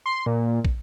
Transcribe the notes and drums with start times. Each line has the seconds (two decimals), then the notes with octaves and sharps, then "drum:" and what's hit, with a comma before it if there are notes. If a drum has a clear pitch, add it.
0.06 C6
0.26 A#2
0.65 drum: kick